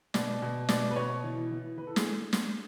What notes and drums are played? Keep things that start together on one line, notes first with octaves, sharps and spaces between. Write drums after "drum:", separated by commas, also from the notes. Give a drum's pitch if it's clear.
B2 D5, drum: snare
B2
B2 D5, drum: snare
B4
B2 C#5
E3
E3
E3 B4
A4
G#4, drum: snare
drum: snare